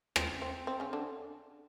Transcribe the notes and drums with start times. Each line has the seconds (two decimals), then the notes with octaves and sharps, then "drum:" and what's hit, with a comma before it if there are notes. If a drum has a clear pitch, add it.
0.16 C4, drum: rim click
0.42 C4
0.67 C4
0.80 C#3 C#4
0.93 D3 D4